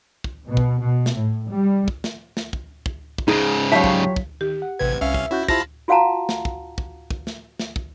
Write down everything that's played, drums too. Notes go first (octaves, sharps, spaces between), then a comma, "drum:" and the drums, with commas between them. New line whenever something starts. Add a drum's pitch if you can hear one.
drum: kick
B2
drum: kick
B2
drum: snare
A2
G3
drum: kick
drum: snare
drum: snare
drum: kick
drum: kick
drum: kick
G#2 C#3 D#4 G#4
F3 F#3 G4 C#5 E5 F5
drum: kick
drum: kick
D#3 G4
F#5
A1 C3 B4 G#6
C2 C#4 E5 F5
drum: kick
C#4 E4 F#4 G6
E4 F4 G4 C5 A5 B5 A#6, drum: kick
F4 F#4 F5 F#5 A5 A#5
drum: snare
drum: kick
drum: kick
drum: kick
drum: snare
drum: snare
drum: kick